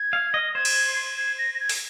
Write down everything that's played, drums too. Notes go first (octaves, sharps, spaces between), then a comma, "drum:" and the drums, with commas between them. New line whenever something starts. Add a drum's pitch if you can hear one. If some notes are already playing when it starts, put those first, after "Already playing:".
Already playing: G#6
F5
D#5
C5 G#6
drum: cymbal
G#6
A#6
A#6
G#6
drum: open hi-hat